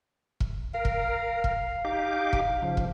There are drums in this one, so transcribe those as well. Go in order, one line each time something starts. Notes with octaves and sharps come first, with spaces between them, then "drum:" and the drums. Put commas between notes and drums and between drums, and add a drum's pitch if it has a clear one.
drum: kick
A#4 F5
drum: kick
drum: kick
D#4 G4 D6
drum: kick
C#3 F3
drum: kick